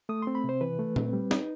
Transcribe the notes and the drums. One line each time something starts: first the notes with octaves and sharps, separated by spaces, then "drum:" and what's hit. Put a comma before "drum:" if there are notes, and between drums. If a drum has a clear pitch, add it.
A3 D#6
C4 C6
B5
C3 C5
E3 B4
A3
C4, drum: tom A#2
G3
D#4, drum: snare